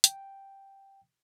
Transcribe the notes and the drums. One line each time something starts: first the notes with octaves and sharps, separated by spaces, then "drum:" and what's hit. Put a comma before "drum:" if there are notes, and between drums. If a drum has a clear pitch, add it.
G5, drum: hi-hat